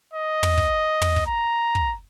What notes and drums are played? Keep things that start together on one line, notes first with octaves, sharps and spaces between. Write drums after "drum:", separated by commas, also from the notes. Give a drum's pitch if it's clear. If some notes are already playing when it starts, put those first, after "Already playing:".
D#5
drum: tom
drum: kick
drum: tom
drum: kick
A#5
drum: kick